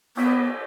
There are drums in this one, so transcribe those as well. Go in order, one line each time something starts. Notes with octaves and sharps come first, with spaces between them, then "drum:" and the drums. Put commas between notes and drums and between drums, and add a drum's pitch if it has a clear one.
B3, drum: cymbal